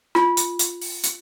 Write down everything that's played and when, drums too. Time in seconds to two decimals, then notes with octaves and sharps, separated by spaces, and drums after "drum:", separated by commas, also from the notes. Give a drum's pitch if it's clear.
0.15 F4, drum: rim click
0.37 drum: hi-hat
0.59 drum: hi-hat
0.82 drum: open hi-hat
1.04 drum: hi-hat